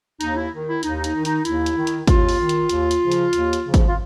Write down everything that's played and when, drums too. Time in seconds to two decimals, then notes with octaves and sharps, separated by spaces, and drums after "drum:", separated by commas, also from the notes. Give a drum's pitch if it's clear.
0.21 D#2 D#4, drum: hi-hat
0.37 E4
0.52 D#3
0.68 E4
0.83 D#2 D#4, drum: hi-hat
1.04 D#4, drum: hi-hat
1.15 D#3
1.25 D#4, drum: hi-hat
1.45 D#2 E4, drum: hi-hat
1.66 drum: hi-hat
1.76 D#3
1.87 drum: hi-hat
2.07 D#2 F4, drum: kick G#1, hi-hat
2.29 drum: open hi-hat
2.39 D#3
2.49 drum: hi-hat
2.69 D#2, drum: hi-hat
2.91 drum: hi-hat
3.02 C#3 F3
3.12 drum: hi-hat
3.33 D#2, drum: hi-hat
3.53 drum: hi-hat
3.64 C#3 F3
3.74 drum: kick G#1, hi-hat
3.88 F4